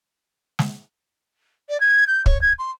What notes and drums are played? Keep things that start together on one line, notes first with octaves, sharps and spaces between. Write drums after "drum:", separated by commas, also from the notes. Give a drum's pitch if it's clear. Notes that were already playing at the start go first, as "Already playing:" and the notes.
drum: snare
D5
G#6
G6
C#5, drum: kick
G#6
C6